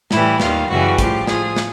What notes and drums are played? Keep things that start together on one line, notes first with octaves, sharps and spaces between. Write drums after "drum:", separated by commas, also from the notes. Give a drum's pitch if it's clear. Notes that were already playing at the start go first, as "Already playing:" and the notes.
A2 E3 G3 E4, drum: snare
D#2 D#3 G3 F4, drum: snare
F#2 C#3 E3 G3 F#4
A2 F3 G4, drum: kick, hi-hat
A2 F3 G#4, drum: snare
drum: snare